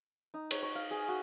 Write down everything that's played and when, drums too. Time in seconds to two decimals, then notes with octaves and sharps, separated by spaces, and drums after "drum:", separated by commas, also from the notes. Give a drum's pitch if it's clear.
0.34 D#4
0.51 C#5, drum: cymbal
0.63 C#6
0.75 F5
0.91 G#4
1.08 F#4